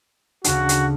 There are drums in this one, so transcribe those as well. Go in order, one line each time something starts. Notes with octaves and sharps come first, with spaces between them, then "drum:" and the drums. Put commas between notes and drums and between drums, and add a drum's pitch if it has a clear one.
D2 C#3 D4 F#4, drum: hi-hat
drum: hi-hat